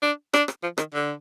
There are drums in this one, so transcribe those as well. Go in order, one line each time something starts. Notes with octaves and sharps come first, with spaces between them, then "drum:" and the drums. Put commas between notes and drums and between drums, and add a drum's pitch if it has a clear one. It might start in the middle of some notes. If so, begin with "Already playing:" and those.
D4
D4, drum: rim click
drum: rim click
F3
D#3, drum: rim click
D3